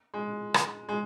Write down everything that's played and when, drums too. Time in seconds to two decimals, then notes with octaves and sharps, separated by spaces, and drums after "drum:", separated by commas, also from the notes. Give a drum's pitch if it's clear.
0.14 G#3
0.54 drum: rim click
0.89 G#3